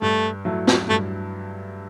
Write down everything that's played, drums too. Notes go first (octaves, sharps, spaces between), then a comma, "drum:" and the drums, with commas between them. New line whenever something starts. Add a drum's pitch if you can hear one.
G2 A3
F#3 A3 E4
drum: snare
G2 A3